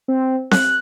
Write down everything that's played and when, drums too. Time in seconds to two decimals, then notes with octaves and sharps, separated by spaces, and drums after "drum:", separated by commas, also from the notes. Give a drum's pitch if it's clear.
0.08 C4
0.51 F#6, drum: snare C4